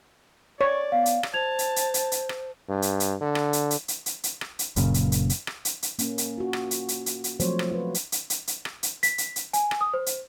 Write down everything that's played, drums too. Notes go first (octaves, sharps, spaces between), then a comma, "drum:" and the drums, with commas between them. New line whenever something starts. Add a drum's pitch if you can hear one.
C#5 D5
B3 F5
drum: hi-hat
drum: rim click
C5 A5 G#6 F7
drum: hi-hat
drum: hi-hat
drum: hi-hat
drum: hi-hat
drum: rim click
G2
drum: hi-hat
drum: hi-hat
D3
drum: rim click
drum: hi-hat
drum: hi-hat
drum: hi-hat
drum: hi-hat
drum: hi-hat
drum: rim click
drum: hi-hat
F#1 F#2 A#2 C#3, drum: hi-hat
drum: hi-hat
drum: hi-hat
drum: hi-hat
drum: rim click
drum: hi-hat
drum: hi-hat
A#3 C#4, drum: hi-hat
drum: hi-hat
F4 F#4
drum: rim click
drum: hi-hat
drum: hi-hat
drum: hi-hat
drum: hi-hat
F3 F#3 A3 C4 C5 C#5, drum: hi-hat
drum: rim click
F4 F#4 B4
drum: hi-hat
drum: hi-hat
drum: hi-hat
drum: hi-hat
drum: rim click
drum: hi-hat
B6, drum: hi-hat
drum: hi-hat
drum: hi-hat
G#5, drum: hi-hat
drum: rim click
D#6
C5
drum: hi-hat